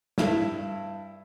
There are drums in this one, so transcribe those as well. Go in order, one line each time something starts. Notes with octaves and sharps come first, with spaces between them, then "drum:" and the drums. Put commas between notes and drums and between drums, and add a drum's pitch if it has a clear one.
G2 E4, drum: snare